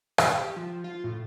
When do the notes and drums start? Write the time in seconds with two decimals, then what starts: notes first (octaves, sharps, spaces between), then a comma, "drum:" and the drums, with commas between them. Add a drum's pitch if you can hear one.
0.18 G5, drum: rim click
0.39 G4
0.56 F3
0.84 F4
1.04 A2